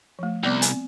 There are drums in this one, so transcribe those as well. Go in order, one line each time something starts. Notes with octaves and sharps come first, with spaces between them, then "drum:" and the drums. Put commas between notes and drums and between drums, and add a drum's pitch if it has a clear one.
F3 A3
C2 B3 D5 D6
C4, drum: hi-hat